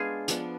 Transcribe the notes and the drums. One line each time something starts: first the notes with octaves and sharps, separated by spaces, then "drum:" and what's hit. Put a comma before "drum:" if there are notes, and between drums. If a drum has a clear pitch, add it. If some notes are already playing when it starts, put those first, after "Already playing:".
Already playing: G#3 B3 D4 F4 G#4
F3 B3 D4, drum: hi-hat